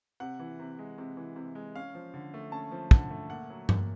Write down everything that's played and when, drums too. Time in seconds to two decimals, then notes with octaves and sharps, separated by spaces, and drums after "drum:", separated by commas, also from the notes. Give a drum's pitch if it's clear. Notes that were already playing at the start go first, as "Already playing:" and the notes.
0.20 C3 F#5
0.39 E3
0.60 C3
0.79 G#3
0.98 C3
1.17 E3
1.36 C3
1.55 G#3
1.75 C#4 F5
1.95 F3
2.14 D3
2.34 A3
2.52 C#4 A5
2.72 F3
2.91 D3, drum: kick
3.10 A3
3.29 A#2 F#5
3.50 F#3
3.69 A#2, drum: tom G2